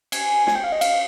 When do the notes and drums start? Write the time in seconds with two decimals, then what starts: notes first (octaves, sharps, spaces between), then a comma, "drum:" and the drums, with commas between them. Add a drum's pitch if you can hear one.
0.12 G#5, drum: cymbal
0.47 G#5, drum: snare
0.55 G5
0.64 F5
0.72 D#5
0.81 F5, drum: cymbal